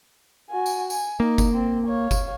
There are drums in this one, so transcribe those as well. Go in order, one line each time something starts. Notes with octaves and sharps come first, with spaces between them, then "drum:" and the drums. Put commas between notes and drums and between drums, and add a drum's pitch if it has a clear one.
F#4 G#5
drum: tambourine
G#5, drum: tambourine
A#3 D#4
drum: kick F#1, tambourine
C4
C#5 F5
drum: kick F#1, tambourine